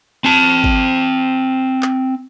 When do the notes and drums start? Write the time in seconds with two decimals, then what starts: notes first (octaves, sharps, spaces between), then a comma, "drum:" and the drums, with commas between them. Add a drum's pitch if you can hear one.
0.24 C4 A5
0.64 drum: kick
1.83 drum: clap